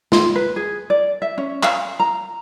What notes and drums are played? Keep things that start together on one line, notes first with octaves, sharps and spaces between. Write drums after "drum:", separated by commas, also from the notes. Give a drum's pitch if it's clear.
F4, drum: snare
B4
G#4
D5
E5
C#4
F5, drum: clap
A#5